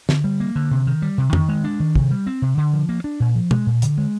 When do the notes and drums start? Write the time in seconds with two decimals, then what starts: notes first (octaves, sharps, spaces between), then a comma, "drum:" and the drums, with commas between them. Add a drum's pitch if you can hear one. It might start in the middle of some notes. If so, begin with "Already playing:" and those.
0.09 D3, drum: snare
0.24 G3
0.40 A#3
0.56 D3
0.71 C3
0.87 D#3
1.02 G3
1.18 C3
1.33 D#3, drum: tom F2
1.48 G#3
1.64 D4
1.80 D#3
1.95 C3, drum: kick
2.11 G3
2.27 C4
2.42 C3
2.57 D3
2.73 F3
2.89 A#3
3.04 D4
3.20 A#2
3.35 F3
3.51 G#3, drum: tom B2
3.67 A#2
3.82 D3, drum: hi-hat
3.98 G#3